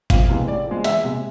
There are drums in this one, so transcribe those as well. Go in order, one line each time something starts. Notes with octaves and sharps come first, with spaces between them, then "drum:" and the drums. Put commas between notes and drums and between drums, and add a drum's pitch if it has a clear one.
F2 F4, drum: kick G#1, hi-hat
C3 E3 G#3
A2 D5
F3 G#3
E2 E5, drum: hi-hat
C3 G#3